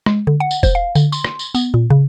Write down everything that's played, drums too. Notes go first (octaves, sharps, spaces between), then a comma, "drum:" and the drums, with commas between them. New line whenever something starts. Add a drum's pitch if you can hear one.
G#3, drum: rim click
D3
F#5
drum: tambourine
C5, drum: kick E1, tambourine
F5
D3, drum: tambourine
C6, drum: tambourine
drum: rim click
drum: tambourine
B3, drum: tambourine
A#2
C#3